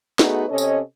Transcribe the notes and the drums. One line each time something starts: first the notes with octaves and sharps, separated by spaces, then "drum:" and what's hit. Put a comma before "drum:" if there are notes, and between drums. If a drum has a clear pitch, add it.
A3 B3 D#4 F#4 G#4 B4, drum: snare
C3 C#4 A4 C#5 D#5
drum: tambourine